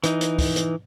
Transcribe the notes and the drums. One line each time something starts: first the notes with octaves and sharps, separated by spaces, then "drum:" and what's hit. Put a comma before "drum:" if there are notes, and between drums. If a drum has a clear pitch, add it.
E3 D#4, drum: hi-hat
drum: hi-hat
drum: kick, open hi-hat
drum: hi-hat